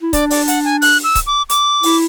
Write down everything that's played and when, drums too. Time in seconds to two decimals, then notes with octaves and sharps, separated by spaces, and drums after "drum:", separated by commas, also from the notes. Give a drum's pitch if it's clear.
0.02 E4
0.13 D4 D5, drum: kick C#1, hi-hat
0.30 D5, drum: open hi-hat
0.47 F#5, drum: hi-hat
0.65 G#5
0.82 F#6, drum: open hi-hat
1.04 E6
1.15 drum: kick C#1, hi-hat
1.27 D6
1.50 D6, drum: hi-hat
1.83 E4, drum: open hi-hat